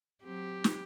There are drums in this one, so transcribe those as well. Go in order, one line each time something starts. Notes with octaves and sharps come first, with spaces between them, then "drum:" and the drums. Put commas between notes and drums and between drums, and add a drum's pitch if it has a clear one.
F#3 C4 G4
drum: snare